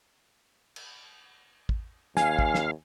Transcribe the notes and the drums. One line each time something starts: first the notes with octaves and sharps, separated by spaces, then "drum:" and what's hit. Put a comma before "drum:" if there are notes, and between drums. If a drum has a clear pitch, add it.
drum: cymbal
drum: kick
D#2 F5 G#5, drum: snare
drum: kick
drum: snare